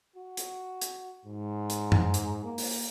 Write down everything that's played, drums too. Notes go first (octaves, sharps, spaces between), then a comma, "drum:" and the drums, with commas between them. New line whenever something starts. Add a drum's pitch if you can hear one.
F#4
drum: hi-hat
drum: hi-hat
G#2
drum: hi-hat
drum: tom G2
drum: hi-hat
A#3
drum: open hi-hat